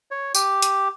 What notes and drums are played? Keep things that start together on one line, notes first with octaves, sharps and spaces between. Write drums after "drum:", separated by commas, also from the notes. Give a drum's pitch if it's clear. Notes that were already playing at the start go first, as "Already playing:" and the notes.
C#5
G4, drum: tambourine
drum: hi-hat